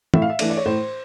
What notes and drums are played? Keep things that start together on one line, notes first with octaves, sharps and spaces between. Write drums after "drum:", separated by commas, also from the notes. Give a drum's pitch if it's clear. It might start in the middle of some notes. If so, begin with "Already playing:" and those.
A2 E5, drum: tom
F5
E5
E3 A3 D4, drum: cymbal
D5
C#5
A2 C5